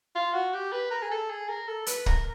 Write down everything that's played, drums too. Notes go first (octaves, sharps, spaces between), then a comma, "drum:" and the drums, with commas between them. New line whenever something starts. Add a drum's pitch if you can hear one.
F4
F#4
G4
B4
A#4
G#4
A4
G#4
A#4
A4
B4, drum: hi-hat
A#4, drum: kick